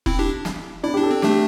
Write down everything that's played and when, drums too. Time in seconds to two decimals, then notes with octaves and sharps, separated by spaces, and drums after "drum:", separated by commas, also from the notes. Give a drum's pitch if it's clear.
0.06 C4 E4, drum: kick E1
0.19 D4 G4
0.45 drum: snare
0.83 D4 E4
0.94 G4
0.97 D4
1.03 A4
1.11 C4
1.22 A3 D4 G4, drum: snare